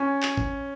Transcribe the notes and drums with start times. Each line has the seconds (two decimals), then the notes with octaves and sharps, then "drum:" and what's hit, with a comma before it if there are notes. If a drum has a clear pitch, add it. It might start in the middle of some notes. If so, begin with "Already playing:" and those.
Already playing: C#4
0.23 drum: clap
0.37 drum: kick